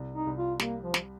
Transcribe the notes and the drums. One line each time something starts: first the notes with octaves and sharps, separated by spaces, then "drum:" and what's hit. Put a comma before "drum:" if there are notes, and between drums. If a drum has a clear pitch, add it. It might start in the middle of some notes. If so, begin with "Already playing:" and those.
Already playing: C2
D#4
C2
F4
G3 A#3, drum: snare
F3
drum: snare